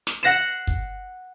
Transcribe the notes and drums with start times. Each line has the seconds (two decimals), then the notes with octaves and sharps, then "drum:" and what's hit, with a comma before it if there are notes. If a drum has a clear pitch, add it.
0.07 drum: snare
0.23 F#5 A#6 C7 E7
0.67 drum: kick